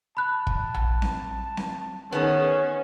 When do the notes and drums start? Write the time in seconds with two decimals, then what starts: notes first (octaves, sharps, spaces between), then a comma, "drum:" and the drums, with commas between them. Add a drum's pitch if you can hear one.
0.17 A5 B5 F#6
0.47 drum: kick
0.74 drum: tom A#1
1.02 drum: snare C4
1.57 drum: snare C4
2.12 D#3 B3 C#4 G#4